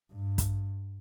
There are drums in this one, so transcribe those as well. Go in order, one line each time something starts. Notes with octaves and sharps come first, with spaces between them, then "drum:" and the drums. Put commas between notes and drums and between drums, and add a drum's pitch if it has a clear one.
G2
drum: kick, hi-hat